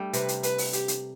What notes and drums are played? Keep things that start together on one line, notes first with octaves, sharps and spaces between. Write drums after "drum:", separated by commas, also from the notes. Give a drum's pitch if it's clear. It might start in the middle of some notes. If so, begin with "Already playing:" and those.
Already playing: G3 A3 D4
C3 B4, drum: hi-hat
drum: hi-hat
B4, drum: hi-hat
drum: open hi-hat
G4, drum: hi-hat
drum: hi-hat